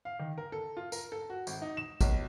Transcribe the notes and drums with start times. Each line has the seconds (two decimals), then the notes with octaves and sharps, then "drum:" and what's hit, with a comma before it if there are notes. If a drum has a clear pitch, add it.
0.05 F5
0.19 D#3
0.38 A#4
0.52 A4
0.77 F4
0.92 A#4, drum: tambourine
1.12 A4
1.30 F#4
1.47 G#1, drum: tambourine
1.62 D#4
1.77 E7
2.01 B1, drum: kick, tambourine